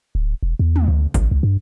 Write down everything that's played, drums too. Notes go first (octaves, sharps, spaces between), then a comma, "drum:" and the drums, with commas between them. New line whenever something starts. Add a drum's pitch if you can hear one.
D1
E1
E2
drum: tom
D2
G#1, drum: kick A1, hi-hat
C#2
G2